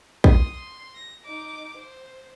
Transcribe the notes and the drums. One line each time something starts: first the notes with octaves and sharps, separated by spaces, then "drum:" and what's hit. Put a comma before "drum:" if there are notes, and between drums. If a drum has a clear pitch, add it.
C6 D#6, drum: kick A#1
C6
A#6
D#4 D6
C5